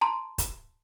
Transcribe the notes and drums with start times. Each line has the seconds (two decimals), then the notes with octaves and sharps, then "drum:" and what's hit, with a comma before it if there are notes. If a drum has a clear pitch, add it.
0.01 A5 A#5 C6
0.38 drum: kick, hi-hat